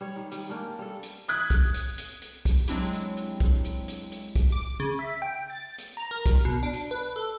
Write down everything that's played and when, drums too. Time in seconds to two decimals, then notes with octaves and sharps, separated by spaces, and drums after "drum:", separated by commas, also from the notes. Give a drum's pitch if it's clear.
0.01 G3 C#5
0.16 D#3
0.31 G3, drum: hi-hat
0.49 A#3 C#4 D4 G5
0.79 G3 A4
1.03 drum: hi-hat
1.28 D#6 F#6 G#6 B6, drum: hi-hat
1.50 drum: kick B1, hi-hat
1.74 drum: hi-hat
1.98 drum: hi-hat
2.22 drum: hi-hat
2.45 drum: kick B1, hi-hat
2.68 F#3 G#3 C4 D4 E4 G4, drum: hi-hat
2.93 drum: hi-hat
3.17 drum: hi-hat
3.40 drum: kick B1, hi-hat
3.64 drum: hi-hat
3.88 drum: hi-hat
4.12 drum: hi-hat
4.35 drum: kick B1, hi-hat
4.52 D6
4.80 C#3
4.99 E5
5.22 G5
5.50 A6
5.78 drum: hi-hat
5.97 A#5
6.11 A#4
6.26 drum: kick B1, hi-hat
6.45 B2
6.63 D4
6.73 drum: hi-hat
6.91 B4
7.16 A4